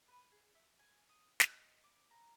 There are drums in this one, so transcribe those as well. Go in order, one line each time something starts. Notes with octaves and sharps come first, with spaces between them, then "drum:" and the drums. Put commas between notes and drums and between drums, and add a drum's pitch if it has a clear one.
B4
G#4
E5
G#5
D#6
D#5, drum: snare
D6
A#5